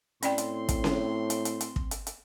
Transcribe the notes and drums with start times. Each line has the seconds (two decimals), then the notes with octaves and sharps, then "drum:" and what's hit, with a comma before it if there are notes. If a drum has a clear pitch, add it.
0.23 A2 C4 C#4 D5 G5 C6, drum: hi-hat
0.38 drum: hi-hat
0.69 drum: kick, hi-hat
0.84 drum: snare C#4
1.30 drum: hi-hat
1.45 drum: hi-hat
1.61 drum: hi-hat
1.76 drum: kick
1.91 drum: hi-hat
2.07 drum: hi-hat